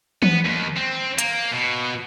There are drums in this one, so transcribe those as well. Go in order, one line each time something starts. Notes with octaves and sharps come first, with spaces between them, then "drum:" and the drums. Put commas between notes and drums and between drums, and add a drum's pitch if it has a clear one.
B3, drum: tom E3
D#2
C4
A#3, drum: hi-hat
B2